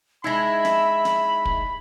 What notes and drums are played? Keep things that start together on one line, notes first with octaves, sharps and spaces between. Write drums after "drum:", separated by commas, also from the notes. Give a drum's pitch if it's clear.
G#3 D#4 E4 E5 B5 G#6 A#6
drum: snare
drum: snare
drum: kick